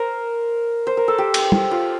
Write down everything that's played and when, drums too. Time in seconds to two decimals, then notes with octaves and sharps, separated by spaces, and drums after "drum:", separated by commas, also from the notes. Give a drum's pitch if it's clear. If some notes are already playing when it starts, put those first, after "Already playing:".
Already playing: A#4 C5
0.87 C5
0.97 A#4
1.08 A4
1.18 G4
1.34 drum: cymbal
1.52 drum: tom
1.71 F4